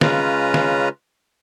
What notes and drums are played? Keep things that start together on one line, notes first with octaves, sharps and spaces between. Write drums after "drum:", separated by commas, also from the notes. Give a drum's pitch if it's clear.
C#3 G#3 C#4 F4 B4 A#5, drum: snare
drum: snare